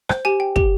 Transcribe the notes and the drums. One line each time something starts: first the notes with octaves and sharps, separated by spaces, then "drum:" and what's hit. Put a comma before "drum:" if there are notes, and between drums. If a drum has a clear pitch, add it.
C5, drum: rim click
G4 G#5
G5
G4, drum: kick